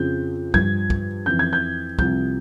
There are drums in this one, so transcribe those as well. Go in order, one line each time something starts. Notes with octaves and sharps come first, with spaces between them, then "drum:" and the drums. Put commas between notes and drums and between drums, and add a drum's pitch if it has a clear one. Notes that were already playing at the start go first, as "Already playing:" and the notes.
Already playing: F2 C#3 F3 G6
G2 F3 G#6, drum: kick
drum: kick
F2 E3 G6
G#6
G6
C2 C3 F3 G6, drum: kick